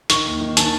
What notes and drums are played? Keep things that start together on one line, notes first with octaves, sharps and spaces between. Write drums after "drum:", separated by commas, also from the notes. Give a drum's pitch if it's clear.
D#3 C#6, drum: hi-hat
D#2
D#3
D#3 A5, drum: hi-hat